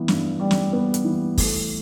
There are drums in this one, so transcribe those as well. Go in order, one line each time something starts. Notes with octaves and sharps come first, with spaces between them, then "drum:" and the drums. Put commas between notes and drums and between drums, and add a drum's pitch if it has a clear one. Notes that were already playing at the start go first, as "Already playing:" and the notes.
Already playing: E3 G3 B3
G2, drum: snare
G3
drum: snare
B3
drum: hi-hat
E3
A3, drum: kick, open hi-hat